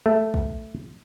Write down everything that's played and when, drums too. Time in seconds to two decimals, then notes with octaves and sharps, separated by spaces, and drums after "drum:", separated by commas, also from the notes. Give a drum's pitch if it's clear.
0.06 A3
0.34 drum: kick